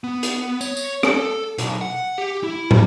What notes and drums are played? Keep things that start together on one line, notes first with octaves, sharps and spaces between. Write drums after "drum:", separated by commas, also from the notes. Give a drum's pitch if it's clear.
B3
drum: hi-hat
C#5, drum: tambourine
drum: tambourine
A4, drum: rim click
B1, drum: hi-hat
F#5
G4
E4
G3, drum: tom